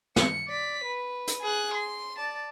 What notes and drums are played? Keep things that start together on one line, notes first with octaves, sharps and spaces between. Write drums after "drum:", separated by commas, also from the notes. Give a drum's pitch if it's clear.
C#7, drum: snare
D5 B6
B4
drum: hi-hat
G#4 F#6
C6
D5 A5